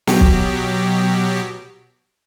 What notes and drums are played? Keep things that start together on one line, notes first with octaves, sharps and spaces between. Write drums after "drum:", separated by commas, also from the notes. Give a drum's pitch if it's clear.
B2 F#3 G4, drum: snare
drum: kick